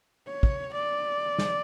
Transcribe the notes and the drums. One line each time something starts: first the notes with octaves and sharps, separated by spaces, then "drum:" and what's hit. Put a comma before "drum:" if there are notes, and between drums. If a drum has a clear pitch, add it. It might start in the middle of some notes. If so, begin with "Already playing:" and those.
C#5
drum: kick
D5
drum: snare